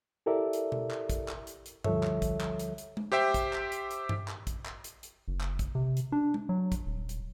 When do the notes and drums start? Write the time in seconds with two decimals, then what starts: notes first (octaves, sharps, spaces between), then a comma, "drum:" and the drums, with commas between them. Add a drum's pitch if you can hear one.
0.26 E4 G4 A4 A#4 D5 E5
0.53 drum: hi-hat
0.72 drum: tom B2
0.91 drum: clap
1.10 drum: kick, hi-hat
1.28 drum: clap
1.47 drum: hi-hat
1.66 drum: hi-hat
1.84 D2 F3 G3 A4 C#5 E5, drum: tom G2
2.03 drum: clap
2.22 drum: kick, hi-hat
2.41 drum: clap
2.59 drum: hi-hat
2.78 drum: hi-hat
2.97 drum: tom G#3
3.12 G4 C5 E5 G5
3.34 drum: kick, hi-hat
3.53 drum: clap
3.72 drum: hi-hat
3.91 drum: hi-hat
4.09 drum: tom G2
4.28 drum: clap
4.47 drum: kick, hi-hat
4.66 drum: clap
4.84 drum: hi-hat
5.03 drum: hi-hat
5.28 F#1
5.41 drum: clap
5.59 drum: kick, hi-hat
5.75 C3
5.97 drum: hi-hat
6.12 D4
6.34 drum: tom G#3
6.49 F#3
6.72 drum: kick, hi-hat
6.86 D#1
7.09 drum: hi-hat